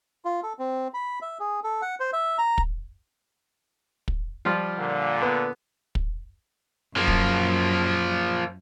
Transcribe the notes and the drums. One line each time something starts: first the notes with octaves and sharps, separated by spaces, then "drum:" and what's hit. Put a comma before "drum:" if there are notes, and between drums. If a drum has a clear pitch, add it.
F4
A4
C4
B5
E5
G#4
A4
F#5
C5
E5
A#5
drum: kick
drum: kick
F3 G3 F4
A#2 D3
B3
drum: kick
F#2 F3 A#3
drum: kick